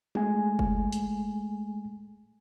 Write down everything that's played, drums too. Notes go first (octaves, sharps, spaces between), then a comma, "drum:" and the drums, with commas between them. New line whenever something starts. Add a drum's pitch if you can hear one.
G#3 A3 G#5, drum: tom G3
drum: kick
drum: hi-hat